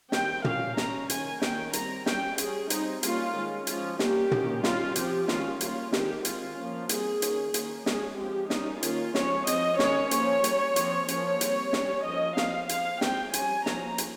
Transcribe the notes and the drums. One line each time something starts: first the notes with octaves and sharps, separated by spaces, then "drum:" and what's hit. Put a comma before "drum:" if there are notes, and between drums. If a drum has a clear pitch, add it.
D#3 G3 C4 G5, drum: snare
G3 C#4 F5, drum: tom
G3 C#4 A#5, drum: snare
D#3 A#3 C#4 G#5, drum: hi-hat
D#3 A#3 C#4 G5, drum: snare
G3 C4 A#5, drum: hi-hat
G3 C#4 G5, drum: snare
G3 C#4 G#4, drum: hi-hat
G3 C4 D#4, drum: hi-hat
G3 A#3 C#4 F4, drum: hi-hat
D#3 G#3 C#4
F3 G#3 C#4 F4, drum: hi-hat
G3 A#3 C#4 G4, drum: snare
D#3 A#3 C#4, drum: tom
G3 C#4 F4, drum: snare
F3 C4 G4, drum: hi-hat
D#3 G#3 C#4 F4, drum: snare
G3 A#3 C#4 F4, drum: hi-hat
D#3 G#3 C4 G4, drum: snare
D#3 G#3 C4 F4, drum: hi-hat
F3 A#3 C#4
G3 C4 G#4, drum: hi-hat
D#3 A#3 C#4, drum: hi-hat
D#3 A#3 C#4, drum: hi-hat
D#3 G#3 C#4 G#4, drum: snare
F3 G#3 C4 G4
G3 A#3 C#4 D#4, drum: snare
D#3 A#3 C#4 F4, drum: hi-hat
F3 G#3 C#4 C#5, drum: snare
F3 C4 D#5, drum: hi-hat
D#3 G#3 C#4 C#5, drum: snare
F3 A#3 C#4 C#5, drum: hi-hat
G3 A#3 C#4, drum: hi-hat
F3 C4, drum: hi-hat
F3 A#3 C#4 C#5, drum: hi-hat
G3 C4, drum: hi-hat
G3 C#4, drum: snare
F3 A#3 C#4 D#5
F3 C4 F5, drum: snare
F3 C4 F5, drum: hi-hat
F3 G#3 C4 G5, drum: snare
G3 C#4 G#5, drum: hi-hat
F3 A#3 C#4 A#5, drum: snare
drum: hi-hat